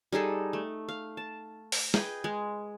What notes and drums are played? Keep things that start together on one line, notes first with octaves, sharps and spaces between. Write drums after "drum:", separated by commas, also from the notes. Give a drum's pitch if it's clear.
G3 D#4 G#4 A4
A3
F5
A5
drum: open hi-hat
G#4 B4 D#5 G5, drum: snare
G#3